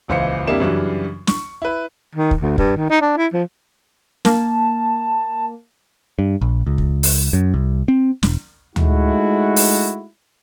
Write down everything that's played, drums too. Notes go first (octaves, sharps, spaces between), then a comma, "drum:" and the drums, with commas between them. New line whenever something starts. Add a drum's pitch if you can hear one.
D#1 C#2 E3 C5 F5 C#7
F2 G3 A#3 D4 E4 E7
F#2 C#3 E3 F#3 G3 D4
C#6, drum: snare
E4 B4
D#3
drum: kick
D2
G2, drum: kick
D#3
D#4
D4
E4
F3
A#3 A5, drum: snare
G2
A#1
C#2
drum: kick
drum: open hi-hat
F#2
C2
C4
E1, drum: snare
G#3 A3 D#4 E4 F#4, drum: tom D2
drum: open hi-hat